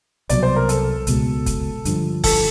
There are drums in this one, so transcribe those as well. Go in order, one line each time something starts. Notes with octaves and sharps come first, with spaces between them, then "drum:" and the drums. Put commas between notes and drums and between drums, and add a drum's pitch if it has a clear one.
C2 B2 F#3 D5, drum: hi-hat
C5
A#4
A4, drum: hi-hat
C#2 B2 G#3, drum: hi-hat
drum: kick, hi-hat
G2 D3 F3, drum: hi-hat
A4, drum: kick, open hi-hat